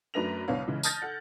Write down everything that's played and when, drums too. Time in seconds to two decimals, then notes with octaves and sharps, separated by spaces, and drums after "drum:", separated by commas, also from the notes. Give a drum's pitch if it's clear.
0.14 F#2 A3 D4 B4 A#6 F7
0.48 C2 D3 B3 C#5 F5
0.67 C#3 E3 G#3
0.83 A5 D#6 F6 G6 A6 A#6, drum: tambourine
1.02 A4 F#5